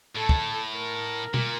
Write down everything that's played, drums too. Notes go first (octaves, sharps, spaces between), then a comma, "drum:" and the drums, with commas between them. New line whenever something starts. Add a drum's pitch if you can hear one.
A2 A4
drum: kick
A#4
A#2, drum: tom B2